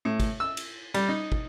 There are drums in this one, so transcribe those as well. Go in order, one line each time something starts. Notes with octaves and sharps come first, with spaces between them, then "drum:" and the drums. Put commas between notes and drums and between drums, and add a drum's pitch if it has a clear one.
A2
drum: kick, cymbal
E6
drum: cymbal
G3, drum: cymbal
D#4
drum: kick